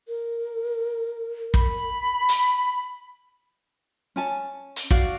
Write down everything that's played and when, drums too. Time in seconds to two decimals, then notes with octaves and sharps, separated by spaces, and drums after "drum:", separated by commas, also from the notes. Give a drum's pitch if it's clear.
0.08 A#4
1.54 B5, drum: kick
2.29 drum: hi-hat
4.16 C#4 G#5 A5
4.76 drum: hi-hat
4.91 F#4 D5 F5, drum: kick